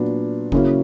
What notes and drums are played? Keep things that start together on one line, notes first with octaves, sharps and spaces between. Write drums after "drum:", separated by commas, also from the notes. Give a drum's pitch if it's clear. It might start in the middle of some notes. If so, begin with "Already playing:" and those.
Already playing: A#2 F#3 B3 D4
C#3 F#3 A#3 C#4 E4, drum: kick F1